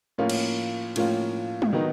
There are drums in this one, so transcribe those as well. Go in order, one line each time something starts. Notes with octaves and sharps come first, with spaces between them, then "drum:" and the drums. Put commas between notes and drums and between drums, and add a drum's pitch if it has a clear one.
A2 F3 A#3 C#4 F4
drum: cymbal
A2 F3 A#3 C#4 F4, drum: cymbal
drum: tom
D#3 F#3 B3 D#4